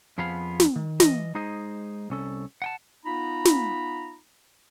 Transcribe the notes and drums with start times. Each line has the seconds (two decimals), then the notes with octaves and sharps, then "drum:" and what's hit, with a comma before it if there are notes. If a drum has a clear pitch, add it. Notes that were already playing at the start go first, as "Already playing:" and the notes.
0.18 F2 F3 B3 G#4 F5 B5
0.60 drum: snare
0.76 D#3
1.00 E3 D#5, drum: snare
1.35 G#3 D#4 G#4 C5 D#5
2.10 C2 C#4 A4
2.62 F#5 G5 A5
3.05 B3 D#4 F4 A#5 B5
3.45 drum: snare